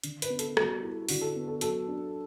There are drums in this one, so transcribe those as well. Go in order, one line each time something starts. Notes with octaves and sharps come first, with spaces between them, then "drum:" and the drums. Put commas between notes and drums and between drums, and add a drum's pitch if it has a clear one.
D3, drum: hi-hat
B4, drum: hi-hat
B3
A4, drum: hi-hat
G3 F#4, drum: rim click
E4
D3 F#4, drum: open hi-hat
A4
B3
A4
F#3 A4, drum: hi-hat
D4